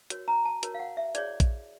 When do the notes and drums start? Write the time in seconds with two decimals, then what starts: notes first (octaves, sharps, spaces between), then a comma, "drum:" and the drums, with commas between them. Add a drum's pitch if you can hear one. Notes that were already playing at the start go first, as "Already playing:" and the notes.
0.10 F#4 A#4 C#5, drum: hi-hat
0.28 A#5
0.45 A5
0.63 F#4 A#4 C#5, drum: hi-hat
0.74 F5
0.80 F#5
0.97 E5
1.15 E4 G#4 C#5 D5, drum: hi-hat
1.40 drum: kick A#1, hi-hat